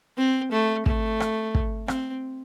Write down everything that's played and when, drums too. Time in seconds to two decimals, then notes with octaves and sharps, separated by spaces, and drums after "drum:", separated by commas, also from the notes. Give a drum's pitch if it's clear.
0.18 C4
0.52 A3
0.86 A3, drum: kick
1.20 drum: rim click
1.55 drum: kick
1.88 C4, drum: rim click